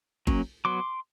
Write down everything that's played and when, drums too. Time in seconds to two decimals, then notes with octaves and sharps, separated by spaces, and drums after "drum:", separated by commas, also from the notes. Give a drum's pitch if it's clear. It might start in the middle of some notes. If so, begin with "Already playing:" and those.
0.27 F#3 A#3 C#4, drum: kick G1
0.65 F#3 B3 C6 D6